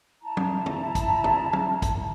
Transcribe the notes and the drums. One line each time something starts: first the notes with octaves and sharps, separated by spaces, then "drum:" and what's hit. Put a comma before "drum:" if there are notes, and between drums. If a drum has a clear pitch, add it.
E4 A5 A#5
drum: tom
drum: tom
drum: kick, hi-hat
drum: tom
drum: tom
drum: kick, hi-hat